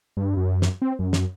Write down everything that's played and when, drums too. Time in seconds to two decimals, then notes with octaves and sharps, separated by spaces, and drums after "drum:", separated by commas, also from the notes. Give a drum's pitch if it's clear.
0.17 G2
0.37 F#2
0.62 drum: snare
0.82 C4
0.99 F#2
1.13 drum: snare